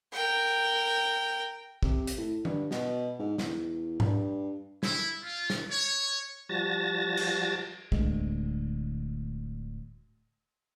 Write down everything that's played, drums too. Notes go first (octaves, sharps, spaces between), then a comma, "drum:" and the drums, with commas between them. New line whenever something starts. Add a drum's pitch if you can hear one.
A#4 G5
C3, drum: kick
drum: hi-hat
A2
G2, drum: tom E3
B2, drum: snare
G#2
E2, drum: snare
G2, drum: tom G#2
E4, drum: snare
F4
drum: snare
C#5
F3 G3 F#4 A5 A6 A#6
drum: cymbal
D1 D2 G#3, drum: kick